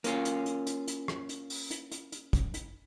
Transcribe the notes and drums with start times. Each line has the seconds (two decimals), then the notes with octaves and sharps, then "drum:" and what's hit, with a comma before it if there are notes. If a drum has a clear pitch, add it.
0.04 A#3 C#4 F4, drum: hi-hat
0.25 drum: hi-hat
0.46 drum: hi-hat
0.67 drum: hi-hat
0.87 drum: hi-hat
1.08 drum: rim click
1.29 drum: hi-hat
1.50 drum: open hi-hat
1.71 drum: hi-hat
1.92 drum: hi-hat
2.12 drum: hi-hat
2.33 drum: kick, hi-hat
2.54 drum: hi-hat